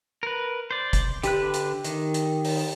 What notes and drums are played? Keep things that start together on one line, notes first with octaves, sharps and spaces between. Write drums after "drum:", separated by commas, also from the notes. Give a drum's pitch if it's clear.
A#4 B4
C5 D5
drum: kick, hi-hat
D3 G4 B4 F#6, drum: hi-hat
drum: hi-hat
D#3, drum: hi-hat
drum: hi-hat
drum: open hi-hat